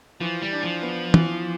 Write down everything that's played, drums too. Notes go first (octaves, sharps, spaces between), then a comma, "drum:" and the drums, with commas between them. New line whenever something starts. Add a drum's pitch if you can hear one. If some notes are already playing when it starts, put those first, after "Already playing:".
E3 F3
G3
D4
F3
B3
E3, drum: tom